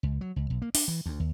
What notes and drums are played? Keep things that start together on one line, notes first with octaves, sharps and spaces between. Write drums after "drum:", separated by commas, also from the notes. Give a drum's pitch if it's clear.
C#2
F#3
C#2
B1
A#3
D4, drum: open hi-hat
E3
D2
D#2